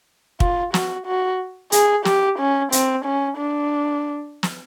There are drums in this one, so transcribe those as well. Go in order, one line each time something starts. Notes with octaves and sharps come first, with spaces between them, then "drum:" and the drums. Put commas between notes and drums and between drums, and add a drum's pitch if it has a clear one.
F4, drum: kick
F#4, drum: snare
F#4
G#4, drum: hi-hat
G4, drum: snare
C#4
C4, drum: hi-hat
C#4
D4
drum: snare